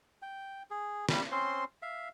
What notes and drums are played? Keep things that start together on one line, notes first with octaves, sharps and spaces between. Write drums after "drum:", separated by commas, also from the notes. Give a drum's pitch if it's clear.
G5
G#4
G3 B5, drum: snare
C4 C#4 C5 C6
E5 F5